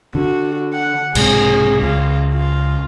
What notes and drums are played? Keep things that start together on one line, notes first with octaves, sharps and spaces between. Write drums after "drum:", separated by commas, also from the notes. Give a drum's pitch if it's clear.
D3 F#4
F#5
B1 G#2 C3 G#4, drum: cymbal
C#2 F4
F4